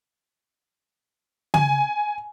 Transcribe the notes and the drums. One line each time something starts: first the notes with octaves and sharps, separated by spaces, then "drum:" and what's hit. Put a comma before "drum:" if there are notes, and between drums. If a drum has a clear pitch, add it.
G#5, drum: tom C#3